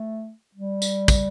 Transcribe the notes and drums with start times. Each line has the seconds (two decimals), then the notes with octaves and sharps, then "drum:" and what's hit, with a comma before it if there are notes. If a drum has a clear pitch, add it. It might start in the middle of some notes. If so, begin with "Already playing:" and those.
Already playing: A3
0.55 G3
0.82 drum: tambourine
1.08 drum: kick, tambourine